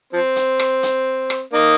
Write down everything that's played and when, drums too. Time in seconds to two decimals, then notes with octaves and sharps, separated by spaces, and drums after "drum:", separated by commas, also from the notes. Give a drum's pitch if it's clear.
0.13 F3 C4
0.36 drum: hi-hat
0.59 drum: rim click
0.83 drum: hi-hat
1.30 drum: rim click
1.53 A#3 D#4